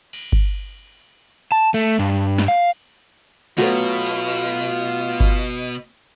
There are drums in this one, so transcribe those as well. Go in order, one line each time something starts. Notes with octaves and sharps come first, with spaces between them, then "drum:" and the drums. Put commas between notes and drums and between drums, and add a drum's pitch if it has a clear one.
drum: cymbal
drum: kick G1
A5
A3, drum: cymbal
G2
drum: snare
F5
B2 F#3 A3 B3 F4 C#6
drum: hi-hat
drum: cymbal
drum: kick G1